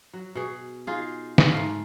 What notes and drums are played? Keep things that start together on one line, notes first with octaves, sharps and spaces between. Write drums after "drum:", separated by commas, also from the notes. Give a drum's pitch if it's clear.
F#3
B2 G#4
D#4 F4 G#4
drum: snare
G#2 A3 F5